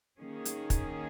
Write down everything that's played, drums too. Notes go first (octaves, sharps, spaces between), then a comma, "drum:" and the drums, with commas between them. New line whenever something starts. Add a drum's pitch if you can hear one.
D#3 A#3 C#4 G#4
drum: hi-hat
drum: kick, hi-hat